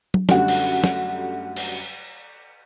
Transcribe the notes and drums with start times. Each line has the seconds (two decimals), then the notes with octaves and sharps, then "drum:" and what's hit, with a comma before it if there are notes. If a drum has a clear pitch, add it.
0.14 drum: tom F#3
0.29 F#2 D3 G3 A3 F#4, drum: snare
0.48 drum: cymbal
0.84 drum: snare
1.56 drum: cymbal